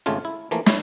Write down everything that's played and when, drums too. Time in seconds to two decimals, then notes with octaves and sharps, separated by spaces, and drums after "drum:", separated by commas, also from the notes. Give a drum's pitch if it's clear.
0.06 G#1 C#3 A3 F4
0.25 E4
0.51 E3 F3 A3 A#3
0.66 E4 C#5, drum: snare